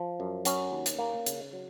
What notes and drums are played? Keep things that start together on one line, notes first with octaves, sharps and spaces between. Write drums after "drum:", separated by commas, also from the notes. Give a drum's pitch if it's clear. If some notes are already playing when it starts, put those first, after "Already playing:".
Already playing: F3
F#2
F#3 C#4, drum: hi-hat
D#2
drum: hi-hat
A#3
C#3, drum: hi-hat
F#3